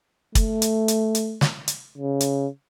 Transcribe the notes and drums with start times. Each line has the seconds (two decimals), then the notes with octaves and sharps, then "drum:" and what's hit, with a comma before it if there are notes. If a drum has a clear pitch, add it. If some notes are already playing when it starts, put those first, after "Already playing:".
0.35 A3, drum: kick, hi-hat
0.62 drum: hi-hat
0.88 drum: hi-hat
1.15 drum: hi-hat
1.41 drum: snare
1.68 drum: hi-hat
1.98 C#3
2.21 drum: hi-hat